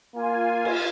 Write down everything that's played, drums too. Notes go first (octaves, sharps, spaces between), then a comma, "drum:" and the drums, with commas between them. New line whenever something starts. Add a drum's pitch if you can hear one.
A#3 F4 G#5
drum: cymbal